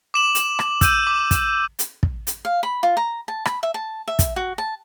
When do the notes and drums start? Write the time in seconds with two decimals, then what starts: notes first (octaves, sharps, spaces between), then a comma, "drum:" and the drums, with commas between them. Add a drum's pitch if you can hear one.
0.14 D6 E7 F#7
0.35 drum: hi-hat
0.59 drum: rim click
0.81 E6 G6 D#7, drum: kick, hi-hat
1.07 D6
1.31 drum: kick, hi-hat
1.79 drum: hi-hat
2.03 drum: kick
2.27 drum: hi-hat
2.45 F5
2.63 B5
2.83 F4
2.97 A#5
3.28 A5
3.46 B5, drum: rim click
3.63 E5
3.74 A5
4.08 E5
4.19 drum: kick, hi-hat
4.36 F#4
4.58 A5